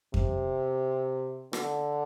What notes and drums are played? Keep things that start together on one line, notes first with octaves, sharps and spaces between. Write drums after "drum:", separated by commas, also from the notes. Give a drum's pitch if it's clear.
C3, drum: kick F2
D3, drum: rim click